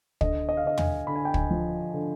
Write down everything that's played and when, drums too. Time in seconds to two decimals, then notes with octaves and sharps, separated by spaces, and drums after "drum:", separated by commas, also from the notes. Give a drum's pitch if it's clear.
0.21 D3 D#5, drum: kick
0.49 D#5
0.57 F5
0.64 D3 D#5
0.78 G#5, drum: tom
1.07 D3 B5
1.16 G#5
1.25 G5
1.34 G#5, drum: kick
1.50 F3
1.94 D3